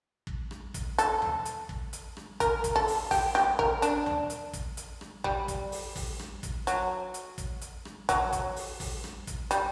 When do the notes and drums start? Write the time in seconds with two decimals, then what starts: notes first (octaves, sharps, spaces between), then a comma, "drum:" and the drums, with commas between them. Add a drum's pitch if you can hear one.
0.27 drum: kick
0.51 drum: rim click
0.74 drum: kick, hi-hat
0.98 A4, drum: hi-hat
1.22 drum: tom D#2
1.45 drum: hi-hat
1.69 drum: kick
1.93 drum: hi-hat
2.17 drum: rim click
2.40 A#4, drum: kick, hi-hat
2.64 drum: kick, hi-hat
2.76 A4
2.88 drum: open hi-hat
3.11 G4, drum: kick, open hi-hat
3.35 G4, drum: rim click
3.59 A#4, drum: kick
3.82 D4, drum: hi-hat
4.06 drum: tom D#2
4.30 drum: hi-hat
4.54 drum: kick, hi-hat
4.77 drum: hi-hat
5.01 drum: rim click
5.24 G3, drum: kick
5.48 drum: kick, hi-hat
5.72 drum: open hi-hat
5.96 drum: kick, open hi-hat
6.19 drum: rim click
6.43 drum: kick, hi-hat
6.67 F#3, drum: hi-hat
7.14 drum: hi-hat
7.38 drum: kick, hi-hat
7.62 drum: hi-hat
7.85 drum: rim click
8.09 F#3, drum: kick, hi-hat
8.33 drum: kick, hi-hat
8.56 drum: open hi-hat
8.80 drum: kick, open hi-hat
9.04 drum: rim click
9.27 drum: kick, hi-hat
9.51 G3, drum: hi-hat